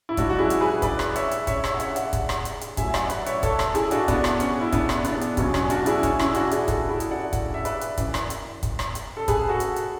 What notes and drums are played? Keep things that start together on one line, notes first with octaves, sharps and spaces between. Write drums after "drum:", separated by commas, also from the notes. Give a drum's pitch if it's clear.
E4
G#2 F#3 D4 F#4, drum: kick, hi-hat
F#4
E4 G#4
drum: hi-hat
G#4 B4
B4 D5, drum: kick, hi-hat
drum: rim click
C#5 E5, drum: hi-hat
drum: hi-hat
C#5 E5, drum: kick, hi-hat
C#5 E5, drum: rim click
F#5
C#5 E5, drum: hi-hat
D5 F#5, drum: hi-hat
drum: kick, hi-hat
drum: rim click
drum: hi-hat
drum: hi-hat
A2 F#3 E5 G#5, drum: kick, hi-hat
D5 F#5, drum: rim click
B4 D5, drum: hi-hat
C#5 E5, drum: hi-hat
A4 C#5, drum: kick, hi-hat
drum: rim click
E4 G#4, drum: hi-hat
D4 F#4, drum: hi-hat
B3 D4, drum: kick, hi-hat
drum: rim click
C#4, drum: hi-hat
E4
B3 D4, drum: kick, hi-hat
drum: rim click
B3 D4, drum: hi-hat
drum: hi-hat
E2 B2 F#3 C#4, drum: kick, hi-hat
C#4, drum: rim click
D4 F#4, drum: hi-hat
E4 G#4, drum: hi-hat
C#4, drum: kick, hi-hat
C#4 E4, drum: rim click
D4 F#4, drum: hi-hat
E4 G#4, drum: hi-hat
F#4 A4, drum: kick, hi-hat
E4 G#4
drum: hi-hat
D5 F#5
drum: kick, hi-hat
E5
B4 D5, drum: hi-hat
drum: hi-hat
F#2 E3, drum: kick, hi-hat
drum: rim click
drum: hi-hat
drum: kick, hi-hat
drum: rim click
drum: hi-hat
A4
G#4 B4, drum: kick, hi-hat
F#4 A4
drum: hi-hat
drum: hi-hat